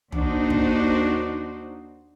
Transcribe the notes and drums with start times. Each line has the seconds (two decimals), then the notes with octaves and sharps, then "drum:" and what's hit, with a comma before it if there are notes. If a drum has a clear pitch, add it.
0.12 D#2 D4 D#4 F#4 C5, drum: tom
0.50 drum: kick